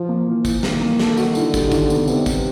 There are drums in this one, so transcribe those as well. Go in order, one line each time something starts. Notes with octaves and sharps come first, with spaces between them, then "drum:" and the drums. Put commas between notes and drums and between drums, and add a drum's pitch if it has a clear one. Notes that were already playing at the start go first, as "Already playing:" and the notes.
Already playing: F3
A#3
E3
E3, drum: kick, tambourine
D#3 A#3, drum: snare
A#3
A4, drum: snare
F#4, drum: tambourine
D3 E4, drum: tambourine
G3, drum: kick, tambourine
D#3, drum: kick, tambourine
B3, drum: tambourine
C3 B3, drum: tambourine
G3, drum: kick, tambourine